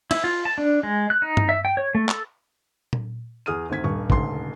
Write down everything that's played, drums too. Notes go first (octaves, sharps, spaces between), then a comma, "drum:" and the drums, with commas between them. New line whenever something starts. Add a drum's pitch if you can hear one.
E4, drum: cymbal
F4
A5
D4
G#3
F#6
D#4
drum: tom G2
E5
G5
C#5
A3
A4, drum: clap
drum: tom A#2
E2 G#4 D#6 F6 D#7
D2 D#3 C4 G#6 B6
D#1 G2 C#6
D#1 D2 G#2 C#3 C6 C7, drum: kick A1